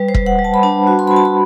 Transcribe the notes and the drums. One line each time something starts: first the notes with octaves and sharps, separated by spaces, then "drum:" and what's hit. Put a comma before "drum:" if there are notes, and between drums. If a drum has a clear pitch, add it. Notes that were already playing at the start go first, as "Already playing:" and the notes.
Already playing: G3 B4
C5
G3, drum: kick E1
F#5
G3
A5
B5
D4 A5
F#4
C6
F#4 B5
A5
B5